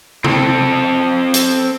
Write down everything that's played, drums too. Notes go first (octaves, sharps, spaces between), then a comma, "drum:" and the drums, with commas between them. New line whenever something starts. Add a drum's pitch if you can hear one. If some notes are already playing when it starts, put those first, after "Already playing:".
C4 A4, drum: tom C3
drum: hi-hat